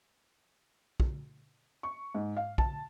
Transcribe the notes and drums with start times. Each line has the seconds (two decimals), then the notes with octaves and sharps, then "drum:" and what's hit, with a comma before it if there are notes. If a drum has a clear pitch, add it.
1.00 drum: kick
1.83 C#6
2.15 G#2
2.37 F5
2.58 A5, drum: kick